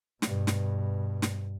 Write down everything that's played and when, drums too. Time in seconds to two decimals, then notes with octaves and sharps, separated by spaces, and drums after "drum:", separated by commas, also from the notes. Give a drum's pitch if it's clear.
0.22 G2 B2, drum: snare
0.47 drum: snare
1.22 drum: snare